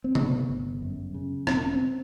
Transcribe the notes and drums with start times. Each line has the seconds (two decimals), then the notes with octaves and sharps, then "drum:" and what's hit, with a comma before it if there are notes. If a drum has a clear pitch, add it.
0.04 C4
0.15 G1 B3, drum: tom C3
0.49 G1
0.82 F#2
1.14 C#3
1.47 E1 C4, drum: rim click
1.61 C#4
1.74 C4